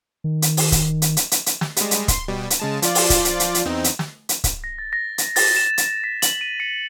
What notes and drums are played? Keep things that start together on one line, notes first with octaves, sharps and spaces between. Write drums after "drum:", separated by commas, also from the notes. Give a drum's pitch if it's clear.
D#3
drum: hi-hat
drum: open hi-hat
drum: kick C#1, hi-hat
drum: hi-hat
drum: hi-hat
drum: hi-hat
drum: hi-hat
drum: snare
G3 G#3, drum: hi-hat
drum: hi-hat
C6, drum: kick C#1, hi-hat
B2 G3
drum: hi-hat
C#3 G#3 A5
F3 F4 D5, drum: hi-hat
drum: open hi-hat
drum: kick C#1, hi-hat
drum: hi-hat
drum: hi-hat
drum: hi-hat
E2 C4 D#4
drum: hi-hat
drum: snare
drum: hi-hat
drum: kick C#1, hi-hat
A#6
A6
A#6
drum: hi-hat
A6, drum: open hi-hat
E7
drum: hi-hat
B6
F#7, drum: hi-hat
D#7
C#7